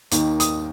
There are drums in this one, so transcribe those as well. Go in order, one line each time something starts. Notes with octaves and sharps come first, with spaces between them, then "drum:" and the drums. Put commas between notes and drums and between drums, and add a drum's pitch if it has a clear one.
D#2 D#3, drum: hi-hat
D#6, drum: hi-hat